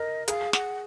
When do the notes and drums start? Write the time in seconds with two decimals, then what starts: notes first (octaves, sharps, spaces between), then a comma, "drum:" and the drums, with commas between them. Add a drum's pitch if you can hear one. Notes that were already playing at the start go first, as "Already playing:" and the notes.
Already playing: A#4 D#5
0.28 G#4 F5, drum: hi-hat
0.53 F#5, drum: snare